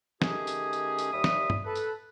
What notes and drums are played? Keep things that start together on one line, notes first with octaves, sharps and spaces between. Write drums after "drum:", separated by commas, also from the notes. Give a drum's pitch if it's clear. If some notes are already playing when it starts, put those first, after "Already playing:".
D#3 A3 C#4 G4 G#4, drum: snare
drum: tambourine
drum: tambourine
drum: tambourine
D#2 G3 E5 D#6
drum: snare
drum: tom
A4 B4
drum: tambourine